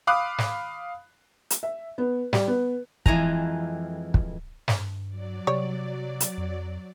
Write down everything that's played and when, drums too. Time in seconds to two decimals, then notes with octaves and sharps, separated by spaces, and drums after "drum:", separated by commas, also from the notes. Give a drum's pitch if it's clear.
0.07 F5 B5 D6 D#6 F#6
0.38 drum: snare
1.50 drum: hi-hat
1.63 E5
1.98 B3
2.33 G3, drum: snare
2.48 B3
3.06 F2 E3 G#3 G#5 A#5, drum: kick
4.14 drum: kick
4.68 G2, drum: snare
5.08 F#3 D5
5.47 C3 G3 C#5
6.20 drum: hi-hat
6.38 F2